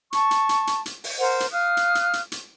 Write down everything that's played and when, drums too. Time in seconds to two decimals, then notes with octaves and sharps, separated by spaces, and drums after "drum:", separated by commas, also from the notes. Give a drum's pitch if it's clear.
0.13 A5 C#6, drum: hi-hat
0.31 drum: hi-hat
0.49 drum: hi-hat
0.67 drum: hi-hat
0.86 drum: hi-hat
1.04 drum: open hi-hat
1.18 A#4 C5 F#5
1.40 drum: hi-hat
1.51 F5 D#6 F6 F#6
1.77 drum: hi-hat
1.95 drum: hi-hat
2.13 drum: hi-hat
2.32 drum: hi-hat